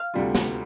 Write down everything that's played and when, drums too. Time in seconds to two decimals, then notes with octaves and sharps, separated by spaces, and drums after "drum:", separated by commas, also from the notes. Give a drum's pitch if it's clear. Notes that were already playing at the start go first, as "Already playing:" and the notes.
Already playing: F5
0.14 D2 C3 G3 D4 F4
0.35 drum: snare